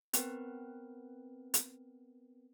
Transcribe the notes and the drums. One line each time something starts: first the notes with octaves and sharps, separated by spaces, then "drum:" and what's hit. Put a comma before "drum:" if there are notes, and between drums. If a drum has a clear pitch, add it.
B3 C4 A#4 B4, drum: hi-hat
drum: hi-hat